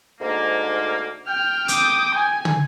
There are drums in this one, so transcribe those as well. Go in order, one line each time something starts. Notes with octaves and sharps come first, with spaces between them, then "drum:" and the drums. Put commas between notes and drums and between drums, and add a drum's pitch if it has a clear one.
D2 G#2 A#3
G5 F6
D6 D#6, drum: hi-hat
G#5
drum: tom